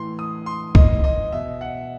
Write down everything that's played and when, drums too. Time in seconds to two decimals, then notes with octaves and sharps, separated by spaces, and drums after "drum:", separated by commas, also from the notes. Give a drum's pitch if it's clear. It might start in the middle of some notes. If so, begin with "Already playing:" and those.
Already playing: A2 E3 C6
0.19 D#6
0.46 C6
0.75 D#5, drum: kick C2
1.04 D#5
1.32 B2 E5
1.61 F#5